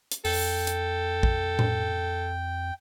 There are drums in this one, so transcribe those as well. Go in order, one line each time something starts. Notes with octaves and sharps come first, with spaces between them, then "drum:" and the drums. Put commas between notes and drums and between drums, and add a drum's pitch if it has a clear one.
drum: hi-hat
F2 A4 G5, drum: open hi-hat
drum: hi-hat
drum: kick A#1
drum: tom A2